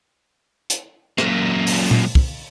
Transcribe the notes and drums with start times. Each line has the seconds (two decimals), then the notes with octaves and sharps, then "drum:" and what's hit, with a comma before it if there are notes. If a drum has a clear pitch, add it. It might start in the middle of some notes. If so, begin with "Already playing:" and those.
0.70 drum: hi-hat
1.18 F#2 A#2, drum: rim click
1.67 drum: open hi-hat
1.91 drum: tom A#2
2.15 drum: kick